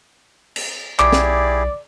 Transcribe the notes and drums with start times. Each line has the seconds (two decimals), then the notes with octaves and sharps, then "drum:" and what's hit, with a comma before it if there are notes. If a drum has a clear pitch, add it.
0.56 drum: cymbal
0.99 B1 E4 G4 G#4 D5 D6, drum: clap
1.13 drum: snare